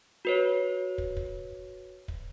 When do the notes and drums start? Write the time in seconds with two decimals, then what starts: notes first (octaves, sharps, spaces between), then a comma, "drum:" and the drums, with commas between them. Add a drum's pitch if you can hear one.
0.25 F#4 B4 C#5
0.98 drum: kick
1.17 drum: kick
2.08 drum: kick